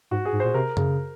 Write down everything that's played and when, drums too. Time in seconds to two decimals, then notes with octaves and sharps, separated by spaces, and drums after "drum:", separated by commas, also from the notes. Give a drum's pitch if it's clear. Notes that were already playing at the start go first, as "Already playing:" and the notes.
0.11 G#2 F#4
0.25 G#4
0.33 G#2
0.40 A#2 C5
0.54 C3 A#4
0.77 C#3, drum: tom F#2